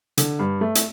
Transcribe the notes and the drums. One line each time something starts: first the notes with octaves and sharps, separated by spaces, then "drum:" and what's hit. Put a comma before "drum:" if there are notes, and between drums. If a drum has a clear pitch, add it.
D3, drum: hi-hat
G2
A3
drum: hi-hat